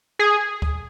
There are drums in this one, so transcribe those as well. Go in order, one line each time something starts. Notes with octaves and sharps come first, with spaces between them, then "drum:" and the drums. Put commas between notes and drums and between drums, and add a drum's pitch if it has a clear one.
G#4
drum: kick D2